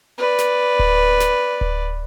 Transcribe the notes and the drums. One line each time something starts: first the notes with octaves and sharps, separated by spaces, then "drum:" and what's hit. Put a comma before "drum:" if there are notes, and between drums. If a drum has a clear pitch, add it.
B4 D5
drum: snare
drum: kick D1
drum: snare
drum: kick D1